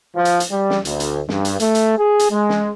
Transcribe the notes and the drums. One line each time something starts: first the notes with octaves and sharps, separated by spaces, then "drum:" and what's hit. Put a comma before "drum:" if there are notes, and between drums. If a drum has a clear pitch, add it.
F3
drum: hi-hat
drum: hi-hat
G3
drum: snare
D2, drum: hi-hat
drum: hi-hat
G2, drum: snare
drum: hi-hat
A3, drum: hi-hat
drum: hi-hat
G#4
drum: hi-hat
G#3
drum: snare